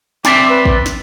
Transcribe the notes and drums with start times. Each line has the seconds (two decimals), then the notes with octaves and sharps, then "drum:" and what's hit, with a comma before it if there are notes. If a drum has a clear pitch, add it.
0.25 C4 D5 E5 D6, drum: snare
0.49 B4
0.65 drum: kick
0.86 drum: snare